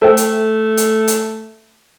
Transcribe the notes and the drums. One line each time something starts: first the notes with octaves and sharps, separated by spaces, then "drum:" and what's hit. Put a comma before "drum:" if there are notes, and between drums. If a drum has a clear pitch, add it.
A3 A4 C5 G5
drum: hi-hat
drum: hi-hat
drum: hi-hat